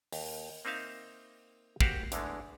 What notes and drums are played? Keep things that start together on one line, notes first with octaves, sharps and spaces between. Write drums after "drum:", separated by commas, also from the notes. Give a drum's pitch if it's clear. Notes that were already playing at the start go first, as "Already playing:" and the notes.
D#2, drum: open hi-hat
A#3 C4 D#4 E5 F5
F#4 G4 A#4 C5 F5 F#5, drum: kick
E2 D3 E3 G#3 A3, drum: hi-hat